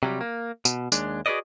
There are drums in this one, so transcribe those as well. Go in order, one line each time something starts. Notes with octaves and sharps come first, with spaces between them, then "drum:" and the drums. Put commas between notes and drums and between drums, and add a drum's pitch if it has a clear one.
C3 F#3 G3
A#3
B2, drum: tambourine
D#2 G#3 D4, drum: tambourine
F#4 G#4 A4 B4 D5 D#5